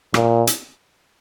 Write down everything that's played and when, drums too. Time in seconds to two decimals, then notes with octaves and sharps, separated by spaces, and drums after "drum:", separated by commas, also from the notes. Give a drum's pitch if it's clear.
0.14 A#2, drum: rim click
0.47 drum: hi-hat